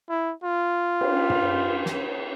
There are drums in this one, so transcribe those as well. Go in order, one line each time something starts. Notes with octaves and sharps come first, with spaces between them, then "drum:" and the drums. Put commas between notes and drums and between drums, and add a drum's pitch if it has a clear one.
E4
F4
drum: cymbal
drum: tom
drum: snare